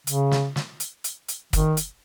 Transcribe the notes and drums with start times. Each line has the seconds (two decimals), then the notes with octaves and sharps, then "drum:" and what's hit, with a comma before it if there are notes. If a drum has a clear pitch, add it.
0.07 C#3, drum: hi-hat
0.31 drum: snare
0.56 drum: snare
0.80 drum: hi-hat
1.04 drum: hi-hat
1.29 drum: hi-hat
1.53 D#3, drum: kick, hi-hat
1.77 drum: hi-hat